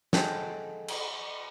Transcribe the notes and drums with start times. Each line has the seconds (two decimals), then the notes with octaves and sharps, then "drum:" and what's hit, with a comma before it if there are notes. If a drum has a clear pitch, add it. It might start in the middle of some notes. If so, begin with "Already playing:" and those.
0.13 G#4 A4 D#5 F#5 G5, drum: snare
0.88 drum: cymbal